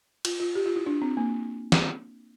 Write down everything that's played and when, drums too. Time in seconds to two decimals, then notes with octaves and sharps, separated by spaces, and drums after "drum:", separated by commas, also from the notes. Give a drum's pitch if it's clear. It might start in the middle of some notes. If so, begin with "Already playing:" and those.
0.25 F4, drum: cymbal
0.40 F4
0.55 G4
0.66 F4
0.76 E4
0.86 D4
1.02 C4
1.17 A#3
1.72 drum: snare